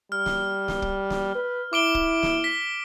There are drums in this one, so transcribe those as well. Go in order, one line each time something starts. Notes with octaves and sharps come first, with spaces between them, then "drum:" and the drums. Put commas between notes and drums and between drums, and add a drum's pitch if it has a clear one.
G3 F6
drum: snare
drum: snare
drum: kick
drum: snare
B4
E4 D6 D7 G7
drum: kick
drum: snare
B6